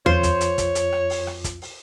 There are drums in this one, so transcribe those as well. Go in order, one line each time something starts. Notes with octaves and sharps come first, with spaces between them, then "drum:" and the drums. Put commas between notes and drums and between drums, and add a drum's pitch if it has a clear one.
F2 F4 C5 C#5, drum: tom E2
drum: kick, hi-hat
drum: hi-hat
drum: kick, hi-hat
drum: hi-hat
drum: rim click
drum: open hi-hat
drum: rim click
drum: kick, hi-hat
drum: open hi-hat